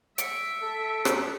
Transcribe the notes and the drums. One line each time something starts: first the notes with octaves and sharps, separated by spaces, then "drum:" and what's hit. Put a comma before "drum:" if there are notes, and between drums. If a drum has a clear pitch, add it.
E5 C#7 D7, drum: hi-hat
A4
drum: rim click